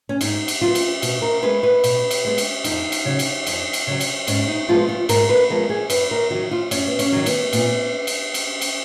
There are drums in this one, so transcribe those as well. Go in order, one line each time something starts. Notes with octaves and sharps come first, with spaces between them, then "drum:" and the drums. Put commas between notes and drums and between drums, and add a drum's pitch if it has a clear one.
C#4
G#2 D#4, drum: cymbal
drum: cymbal
F#3 B3 F4
drum: cymbal
B2 F#4, drum: cymbal
A#4
G#3 B3 B4
B4
B2, drum: cymbal
drum: cymbal
G#3 B3
drum: cymbal
F2 D#4, drum: cymbal
drum: cymbal
C#3 F#3
drum: cymbal
F2, drum: cymbal
drum: cymbal
C#3 F#3
drum: cymbal
G#2 C#4, drum: cymbal
D#4
F3 G#3 B3 F4
F4
G#2 A#4, drum: cymbal
B4
F3 G#3 B3 A#4
G#4
F#2 B4, drum: cymbal
A#4
D#3 F#3 F#4
F4
F#2 C#4, drum: cymbal
B3
C#4, drum: cymbal
D#3 F#3
B3, drum: cymbal
A#2 B3, drum: cymbal
drum: cymbal
drum: cymbal
drum: cymbal